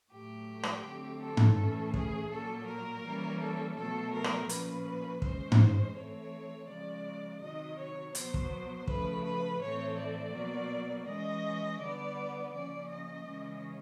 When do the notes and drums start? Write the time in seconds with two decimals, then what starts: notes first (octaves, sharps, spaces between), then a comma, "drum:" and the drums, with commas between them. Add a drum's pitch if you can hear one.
0.11 A2 F#3 A3 G4
0.63 drum: rim click
0.84 D3 F#3 A3 C4
1.21 A4
1.37 drum: tom G#2
1.58 A2 E3 A3 C#4
1.94 G#4, drum: kick
2.30 A#2 F#3 A#3 A4
2.67 A#4
3.03 E3 G3 A#3 C#4
3.40 A4
3.76 B2 F#3 A3 A4
4.13 A#4
4.24 drum: rim click
4.49 A#2 F3 A#3 C#4 B4, drum: hi-hat
5.22 E3 G#3 C#4 C5, drum: kick
5.52 drum: tom G#2
5.95 E3 A3 C4 C#5
6.68 C#3 F3 G#3 D5
7.41 C3 D#3 F#3 D#5
7.78 C#5
8.15 B2 F#3 B3 C5, drum: hi-hat
8.34 drum: kick
8.88 C#3 F3 A3 B4, drum: kick
9.24 B4
9.60 A2 E3 A3 C4 C#5
9.97 D5
10.33 B2 F#3 A#3
11.07 E3 G#3 C#4 D#5
11.80 D3 G3 B3 D5
12.53 C#3 F3 A#3 C#4 D5
12.89 D#5
13.26 C#3 E3 G#3 C#4